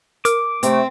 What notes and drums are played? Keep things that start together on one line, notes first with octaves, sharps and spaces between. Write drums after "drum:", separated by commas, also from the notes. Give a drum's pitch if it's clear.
A#4 D6, drum: hi-hat
C3 A3 C4, drum: hi-hat